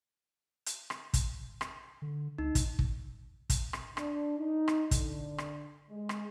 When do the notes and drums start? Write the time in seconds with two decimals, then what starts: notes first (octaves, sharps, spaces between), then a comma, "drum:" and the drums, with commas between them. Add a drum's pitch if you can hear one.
0.66 drum: hi-hat
0.90 drum: rim click
1.14 drum: kick, hi-hat
1.61 drum: rim click
2.02 D3
2.38 C#2 D#4
2.55 drum: kick, hi-hat
2.79 drum: kick
3.50 drum: kick, hi-hat
3.73 drum: rim click
3.97 D4, drum: rim click
4.38 D#4
4.68 drum: rim click
4.91 D3, drum: kick, hi-hat
5.38 drum: rim click
5.90 G#3
6.09 drum: rim click